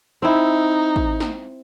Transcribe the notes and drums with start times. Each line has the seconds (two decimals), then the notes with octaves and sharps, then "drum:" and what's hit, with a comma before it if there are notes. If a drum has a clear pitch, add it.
0.22 C4 D#4 E4
0.96 drum: kick A1
1.20 drum: snare